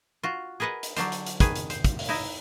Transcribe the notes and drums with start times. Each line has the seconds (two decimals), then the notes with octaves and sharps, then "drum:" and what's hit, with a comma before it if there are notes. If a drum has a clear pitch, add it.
0.23 F4 F#4
0.60 G#4 A#4 B4 D#5 F#5
0.83 drum: hi-hat
0.97 D3 F#3 D4 C5, drum: hi-hat
1.12 drum: hi-hat
1.27 drum: hi-hat
1.40 D#3 G#4 B4, drum: kick, hi-hat
1.55 drum: hi-hat
1.70 C5, drum: hi-hat
1.84 drum: kick, hi-hat
1.99 drum: open hi-hat
2.09 D#4 E4